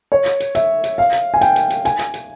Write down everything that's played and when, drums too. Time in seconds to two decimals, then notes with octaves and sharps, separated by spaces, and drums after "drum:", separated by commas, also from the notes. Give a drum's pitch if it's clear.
0.12 C#5
0.26 drum: hi-hat
0.40 drum: hi-hat
0.55 E5, drum: hi-hat
0.84 drum: hi-hat
0.98 F5
1.13 drum: hi-hat
1.34 G#5
1.41 G5, drum: hi-hat
1.56 drum: hi-hat
1.70 drum: hi-hat
1.85 G#5, drum: hi-hat
1.99 drum: hi-hat
2.14 drum: hi-hat